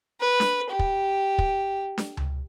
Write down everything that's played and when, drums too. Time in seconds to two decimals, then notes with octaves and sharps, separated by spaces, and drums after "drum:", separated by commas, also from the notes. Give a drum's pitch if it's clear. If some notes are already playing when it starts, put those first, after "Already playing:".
0.20 B4
0.40 drum: snare D4
0.70 G4
0.79 drum: kick
1.38 drum: kick
1.98 drum: snare D4
2.17 drum: tom C#2